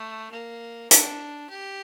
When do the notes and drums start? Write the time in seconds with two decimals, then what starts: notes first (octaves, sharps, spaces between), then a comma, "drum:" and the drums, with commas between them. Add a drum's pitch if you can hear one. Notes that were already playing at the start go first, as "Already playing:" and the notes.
Already playing: A3
0.32 A#3
0.91 D4, drum: hi-hat
1.50 G4